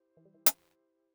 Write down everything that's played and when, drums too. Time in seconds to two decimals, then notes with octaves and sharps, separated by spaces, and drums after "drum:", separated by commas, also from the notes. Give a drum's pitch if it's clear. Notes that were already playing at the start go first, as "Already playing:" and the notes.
Already playing: E4 G4 C5
0.17 E3
0.25 G3
0.34 E3
0.46 drum: hi-hat